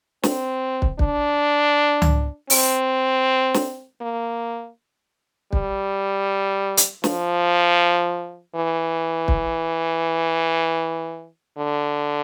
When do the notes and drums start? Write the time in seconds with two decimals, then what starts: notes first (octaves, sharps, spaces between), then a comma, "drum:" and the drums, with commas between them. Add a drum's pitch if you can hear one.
0.23 C4, drum: snare
0.82 drum: kick
0.99 D4, drum: kick
2.02 drum: tom C#2
2.50 C4, drum: open hi-hat
3.54 drum: snare
4.01 A#3
5.53 G3, drum: kick
6.77 drum: hi-hat
7.04 F3, drum: snare
8.55 E3
9.28 drum: kick
11.58 D3